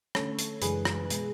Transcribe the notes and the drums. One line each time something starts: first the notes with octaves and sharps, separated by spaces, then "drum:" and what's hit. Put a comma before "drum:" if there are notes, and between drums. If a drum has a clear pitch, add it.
D3 A3 C#4 A4 C#5, drum: rim click
drum: hi-hat
F#2 C#3 E3 G#3 D4 G#4 B4, drum: hi-hat
drum: rim click
B2 G#3, drum: hi-hat